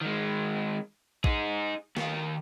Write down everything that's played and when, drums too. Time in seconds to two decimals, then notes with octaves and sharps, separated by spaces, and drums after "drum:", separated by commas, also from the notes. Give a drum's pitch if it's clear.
0.01 D#3 G#3
1.24 D#4 G#4, drum: kick
1.97 D#3 F5, drum: snare